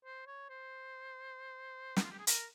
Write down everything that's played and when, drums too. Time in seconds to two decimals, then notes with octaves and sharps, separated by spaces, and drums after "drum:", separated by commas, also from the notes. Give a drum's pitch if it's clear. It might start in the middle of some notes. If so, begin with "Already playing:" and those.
0.05 C5
0.27 C#5
0.49 C5
1.97 D#4, drum: snare
2.03 F4
2.12 G4
2.19 G#4
2.27 A#4, drum: hi-hat